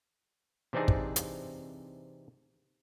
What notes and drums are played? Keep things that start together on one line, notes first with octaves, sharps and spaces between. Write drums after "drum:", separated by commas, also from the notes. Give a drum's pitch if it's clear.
C3 E3 C4 D4 D#4 G#4
drum: kick
drum: hi-hat